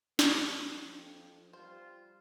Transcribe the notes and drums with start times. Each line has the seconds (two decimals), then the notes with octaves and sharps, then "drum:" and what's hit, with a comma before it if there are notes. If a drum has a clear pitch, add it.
0.19 F3 A#3, drum: snare
0.87 F2
1.53 G3 F4 C5